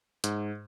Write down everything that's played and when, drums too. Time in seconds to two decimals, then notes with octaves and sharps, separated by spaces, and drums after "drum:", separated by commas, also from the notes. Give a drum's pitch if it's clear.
0.24 G#2, drum: hi-hat